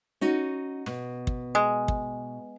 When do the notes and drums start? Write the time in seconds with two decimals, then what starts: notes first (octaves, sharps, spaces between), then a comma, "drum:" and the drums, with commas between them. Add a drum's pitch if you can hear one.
0.21 C#4 D#4 F#4
0.86 B2, drum: snare
1.27 drum: kick
1.55 G#3
1.88 drum: kick